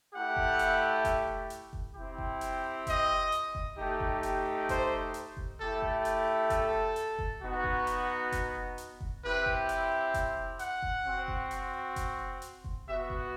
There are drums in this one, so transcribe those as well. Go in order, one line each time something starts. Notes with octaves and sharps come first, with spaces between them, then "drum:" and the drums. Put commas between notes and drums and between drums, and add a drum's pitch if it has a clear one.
A3 E4 G4 F#5
drum: kick F1
drum: hi-hat
drum: kick F1, hi-hat
drum: hi-hat
drum: kick F1
C4 E4 G4
drum: kick F1
drum: hi-hat
D#5, drum: kick F1, hi-hat
drum: hi-hat
drum: kick F1
A3 D#4 G4
drum: kick F1
drum: hi-hat
C5, drum: kick F1, hi-hat
drum: hi-hat
drum: kick F1
A3 E4 G4 A4
drum: kick F1
drum: hi-hat
A4, drum: kick F1, hi-hat
drum: hi-hat
drum: kick F1
B3 D#4 F#4
drum: kick F1
drum: hi-hat
drum: kick F1, hi-hat
drum: hi-hat
drum: kick F1
C4 E4 G4 B4
drum: kick F1
drum: hi-hat
drum: kick F1, hi-hat
F#5, drum: hi-hat
drum: kick F1
C4 F#4
drum: kick F1
drum: hi-hat
drum: kick F1, hi-hat
drum: hi-hat
drum: kick F1
B3 F#4 E5
drum: kick F1